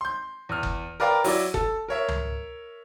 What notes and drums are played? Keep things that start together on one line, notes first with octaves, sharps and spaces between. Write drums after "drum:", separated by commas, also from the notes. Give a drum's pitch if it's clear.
C6 G6
E2 F6
drum: kick F#1
A#4 B4 D5 F5 G5 A#5
F#3 E4 D5, drum: open hi-hat
A4, drum: kick F#1
A#4 C#5 E5
drum: tom C#2